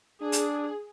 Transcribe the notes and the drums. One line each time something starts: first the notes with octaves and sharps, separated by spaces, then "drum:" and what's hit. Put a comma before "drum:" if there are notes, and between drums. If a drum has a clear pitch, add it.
D4 G#4
drum: hi-hat